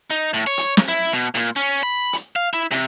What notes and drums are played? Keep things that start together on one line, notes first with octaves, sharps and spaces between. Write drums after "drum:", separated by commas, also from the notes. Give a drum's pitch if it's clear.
D#4
A2
C#5
drum: hi-hat
drum: snare
E4
B2
A#2, drum: hi-hat
C#4
B5
drum: hi-hat
F5
E4
C3, drum: hi-hat